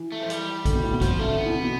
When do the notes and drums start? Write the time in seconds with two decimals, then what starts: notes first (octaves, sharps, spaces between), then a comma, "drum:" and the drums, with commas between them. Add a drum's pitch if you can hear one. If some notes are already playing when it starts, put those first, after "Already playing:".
Already playing: E3
0.12 A3
0.21 F3
0.30 G3, drum: hi-hat
0.65 D3, drum: kick A#1, hi-hat
0.74 B2
0.84 A2
0.92 B2
1.01 C3 F3, drum: kick A#1, hi-hat
1.19 D3 A3
1.37 D3 B3
1.46 E3
1.54 C3
1.63 B2